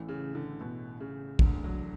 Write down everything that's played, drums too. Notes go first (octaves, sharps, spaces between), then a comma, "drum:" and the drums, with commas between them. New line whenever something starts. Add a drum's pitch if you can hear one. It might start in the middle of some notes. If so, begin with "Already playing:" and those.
Already playing: A1 A2 E3 A3
C#3
D3
B2
C#3
E1 D2 D3, drum: kick
F#3